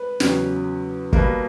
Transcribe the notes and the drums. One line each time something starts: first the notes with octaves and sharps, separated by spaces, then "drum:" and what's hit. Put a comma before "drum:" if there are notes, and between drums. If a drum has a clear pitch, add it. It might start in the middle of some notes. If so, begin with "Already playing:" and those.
Already playing: B4
E2 C#3 F#3, drum: snare
B2 G3 A#3 B4, drum: kick